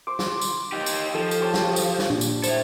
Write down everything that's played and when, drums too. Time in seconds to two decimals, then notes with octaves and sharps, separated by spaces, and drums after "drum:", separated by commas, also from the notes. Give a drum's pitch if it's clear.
0.07 C5 D6
0.19 drum: snare
0.41 drum: tambourine
0.72 D#4 G4
0.86 drum: tambourine
1.15 F3 A4
1.31 drum: tambourine
1.40 G4 C#5 A5
1.54 drum: snare
1.76 drum: tambourine
1.99 drum: snare
2.10 A#2 D4
2.21 drum: tambourine
2.44 E4 A4 C5, drum: tambourine